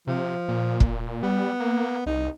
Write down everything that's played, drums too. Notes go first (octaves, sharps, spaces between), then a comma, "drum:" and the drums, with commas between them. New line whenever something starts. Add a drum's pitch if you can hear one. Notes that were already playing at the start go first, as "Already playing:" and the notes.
C3 F3
A#2
drum: kick
G3 B3
A#3
C2 D#4